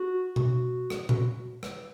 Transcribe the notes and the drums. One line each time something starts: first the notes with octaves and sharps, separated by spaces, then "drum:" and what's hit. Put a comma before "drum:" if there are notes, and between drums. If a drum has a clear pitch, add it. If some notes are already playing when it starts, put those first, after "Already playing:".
Already playing: F#4
F#4, drum: tom B2
drum: rim click
F#4, drum: tom A#2
drum: rim click